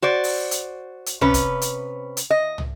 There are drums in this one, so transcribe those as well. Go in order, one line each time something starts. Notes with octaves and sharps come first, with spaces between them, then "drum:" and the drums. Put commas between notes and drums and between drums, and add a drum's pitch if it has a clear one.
F#4 C5 D5
drum: open hi-hat
drum: hi-hat
drum: hi-hat
C3 C#4 B4, drum: tom
drum: kick, hi-hat
drum: hi-hat
drum: hi-hat
D#5
drum: tom